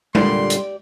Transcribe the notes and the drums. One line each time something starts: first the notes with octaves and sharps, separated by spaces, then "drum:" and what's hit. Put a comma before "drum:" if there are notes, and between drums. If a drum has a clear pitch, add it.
A#2 D3 G3 G4 D5 C6, drum: tom G#3
drum: hi-hat